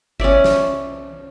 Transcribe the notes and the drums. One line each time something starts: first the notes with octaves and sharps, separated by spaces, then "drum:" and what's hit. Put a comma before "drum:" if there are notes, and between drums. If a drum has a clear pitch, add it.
C#4 C#5 D5 E5, drum: kick G1
drum: snare